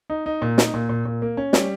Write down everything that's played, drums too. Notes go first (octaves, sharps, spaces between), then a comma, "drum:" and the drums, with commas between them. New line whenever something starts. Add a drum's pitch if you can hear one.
D#4
D#4
A#2
D#4, drum: snare
A#2
A#2
A#2
A#3
C#4
G3, drum: snare